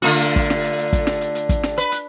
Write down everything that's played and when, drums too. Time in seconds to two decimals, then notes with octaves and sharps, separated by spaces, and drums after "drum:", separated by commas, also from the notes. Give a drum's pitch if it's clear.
0.02 D3 A3 F4
0.22 drum: hi-hat
0.36 drum: kick, hi-hat
0.50 drum: snare
0.64 drum: hi-hat
0.78 drum: hi-hat
0.93 drum: kick, hi-hat
1.07 drum: snare
1.21 drum: hi-hat
1.35 drum: hi-hat
1.49 drum: kick, hi-hat
1.63 drum: snare
1.78 B4, drum: hi-hat
1.92 drum: hi-hat